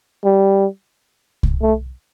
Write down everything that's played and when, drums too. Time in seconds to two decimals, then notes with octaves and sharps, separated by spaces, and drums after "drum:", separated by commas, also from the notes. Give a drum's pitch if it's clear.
0.24 G3
1.43 drum: kick C2
1.62 A3